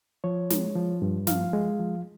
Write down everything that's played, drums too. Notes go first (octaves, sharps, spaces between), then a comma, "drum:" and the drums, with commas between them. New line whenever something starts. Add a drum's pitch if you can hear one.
F3 C#5
G#3, drum: snare
F3
G2
F3 F5, drum: snare
G#3
F3